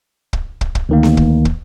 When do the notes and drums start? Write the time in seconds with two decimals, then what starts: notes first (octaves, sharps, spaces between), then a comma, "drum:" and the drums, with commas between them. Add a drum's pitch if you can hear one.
0.33 drum: kick
0.61 drum: kick
0.75 drum: kick
0.89 D2 D#3 A#3
1.03 drum: snare B3
1.17 drum: kick
1.45 drum: kick